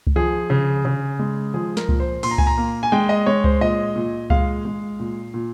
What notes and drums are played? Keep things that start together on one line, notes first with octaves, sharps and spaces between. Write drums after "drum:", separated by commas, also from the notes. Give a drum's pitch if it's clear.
drum: kick C#2
F3 G#4
C#3
C#3
G#3
F3 G#4
A#4, drum: snare
A#2, drum: kick C#2
C5
A#2 C6, drum: cymbal
A#5
G#5, drum: kick C#2
A#5
A#3
G#5
G#3 G5
D#5
G#3 C#5
C5, drum: kick C#2
A#2 D#5
A#2
G#3 F5, drum: kick C#2
G#3
A#2
A#2